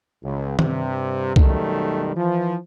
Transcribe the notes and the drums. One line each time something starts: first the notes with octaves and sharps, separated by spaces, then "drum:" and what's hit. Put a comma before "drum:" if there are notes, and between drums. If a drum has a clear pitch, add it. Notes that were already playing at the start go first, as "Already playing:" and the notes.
C#2
G2 C3, drum: tom D#3
B1 F#2 D#3 G3 A3, drum: kick C2
E3 F3